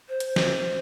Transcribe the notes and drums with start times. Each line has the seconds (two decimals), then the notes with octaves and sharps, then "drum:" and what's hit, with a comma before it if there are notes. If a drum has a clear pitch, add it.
0.09 C5
0.20 drum: hi-hat
0.36 drum: snare